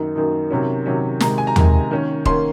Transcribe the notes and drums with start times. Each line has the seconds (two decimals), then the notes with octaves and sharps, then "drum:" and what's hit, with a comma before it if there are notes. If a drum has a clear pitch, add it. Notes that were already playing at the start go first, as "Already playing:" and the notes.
Already playing: F#2 D#3 A#3 D#4
0.16 F#2 D#3 A#3 D#4
0.51 C3 D#3 F#3 C#4
0.86 C3 D#3 F#3 C#4
1.20 C3 D#3 G#3 A#5, drum: snare
1.38 G#5
1.47 A#5
1.56 C3 D#3 G#3, drum: tom
1.91 D#3 A#3 C#4
2.26 D#3 A#3 C#4 C6, drum: kick